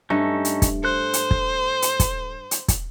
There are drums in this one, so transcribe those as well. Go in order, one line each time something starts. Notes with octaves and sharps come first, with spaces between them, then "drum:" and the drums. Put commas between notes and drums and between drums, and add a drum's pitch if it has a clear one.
G2 A3 C#4 D#4 A4 B4
drum: hi-hat
drum: kick, hi-hat
A4 C5 F#6
drum: hi-hat
drum: kick
drum: hi-hat
drum: kick, hi-hat
drum: hi-hat
drum: kick, hi-hat